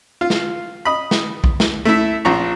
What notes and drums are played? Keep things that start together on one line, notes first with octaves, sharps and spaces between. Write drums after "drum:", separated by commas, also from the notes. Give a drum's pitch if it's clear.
F4
drum: snare
D#5 B5
drum: snare
drum: kick
drum: snare
A3 E4
A#1 F3 A#5 C#6